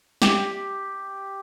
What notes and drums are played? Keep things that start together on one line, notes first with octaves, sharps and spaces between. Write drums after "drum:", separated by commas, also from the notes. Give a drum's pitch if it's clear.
G4, drum: snare